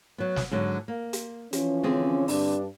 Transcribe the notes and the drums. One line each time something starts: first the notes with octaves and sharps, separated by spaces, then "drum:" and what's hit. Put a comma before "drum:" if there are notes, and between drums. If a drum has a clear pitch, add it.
F#3 B3
drum: snare
G#2 D3 F#3
A#3
drum: hi-hat
E3 F3 C#4, drum: hi-hat
D3 C4 G#4
G2 D4, drum: open hi-hat